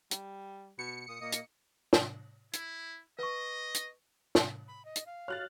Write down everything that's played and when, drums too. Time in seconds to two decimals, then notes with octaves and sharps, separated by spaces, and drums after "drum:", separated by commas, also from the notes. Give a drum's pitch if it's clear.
0.11 G3, drum: hi-hat
0.79 B2 C#7
1.08 A#2 D#6
1.21 A#2 A#3 D#5 D#6
1.32 drum: hi-hat
1.93 drum: snare
2.53 E4, drum: hi-hat
3.19 B4 D#5 C#6
3.74 drum: hi-hat
4.35 drum: snare
4.68 B5
4.85 D#5
4.96 drum: hi-hat
5.06 F5
5.28 F#4 C#5 F6 F#6 A6